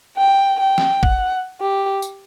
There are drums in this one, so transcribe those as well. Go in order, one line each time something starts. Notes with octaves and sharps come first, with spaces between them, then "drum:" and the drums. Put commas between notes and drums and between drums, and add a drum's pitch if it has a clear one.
G5
G5
drum: snare
F#5, drum: kick
G4
drum: tambourine